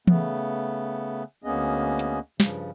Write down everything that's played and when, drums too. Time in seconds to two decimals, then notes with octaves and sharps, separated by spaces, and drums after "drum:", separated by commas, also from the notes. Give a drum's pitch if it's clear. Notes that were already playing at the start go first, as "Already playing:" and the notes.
0.07 C#3 A3 B3, drum: tom E3
1.44 D2 A#3 B3 C#4 G#4 D#5
1.99 drum: hi-hat
2.40 G2 C#3 F3, drum: snare